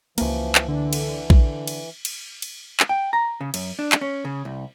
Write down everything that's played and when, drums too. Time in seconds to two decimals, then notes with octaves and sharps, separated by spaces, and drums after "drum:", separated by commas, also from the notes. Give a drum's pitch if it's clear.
0.18 C#2 E3 F3 A#3, drum: cymbal
0.55 drum: clap
0.68 D3 E3
0.93 drum: cymbal
1.30 drum: kick A#1
1.67 drum: cymbal
2.05 drum: cymbal
2.42 drum: cymbal
2.80 drum: clap
2.89 G5
3.13 A#5
3.41 C#3
3.54 F#2, drum: cymbal
3.79 D4
3.92 drum: clap
4.01 C#4
4.25 C#3
4.45 C2